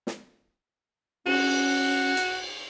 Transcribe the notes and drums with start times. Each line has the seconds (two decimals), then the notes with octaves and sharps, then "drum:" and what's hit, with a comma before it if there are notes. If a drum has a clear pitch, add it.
0.07 drum: snare
1.26 C#4 F#4, drum: cymbal
2.17 drum: hi-hat